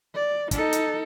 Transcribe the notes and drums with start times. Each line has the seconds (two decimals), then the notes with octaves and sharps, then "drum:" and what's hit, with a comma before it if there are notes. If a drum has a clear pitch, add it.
0.15 D5
0.51 D#4 A4, drum: kick, hi-hat
0.73 drum: hi-hat